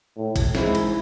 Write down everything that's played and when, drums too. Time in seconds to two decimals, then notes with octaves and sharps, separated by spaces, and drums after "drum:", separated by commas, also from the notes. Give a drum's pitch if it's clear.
0.17 A2
0.36 drum: kick, cymbal
0.55 G#2 E4, drum: snare
0.75 drum: cymbal